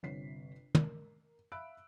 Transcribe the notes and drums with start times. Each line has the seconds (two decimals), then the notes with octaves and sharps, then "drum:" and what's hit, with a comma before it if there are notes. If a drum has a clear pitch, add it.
0.03 G1 C3 C#5 B6 C7
0.75 A#4, drum: tom
1.52 E5 F5 B5 E6 F#6 D7